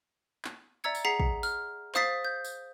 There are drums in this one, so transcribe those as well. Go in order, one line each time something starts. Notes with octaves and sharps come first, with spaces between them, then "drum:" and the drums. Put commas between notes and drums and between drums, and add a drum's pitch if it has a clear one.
drum: clap
D5 E5 A#5 E6 G#6 C#7
drum: tambourine
G#4 F#5 A#5 B6 C7
drum: kick
F6, drum: tambourine
C5 F5 D#6 A6 B6 C7, drum: clap
G6
drum: tambourine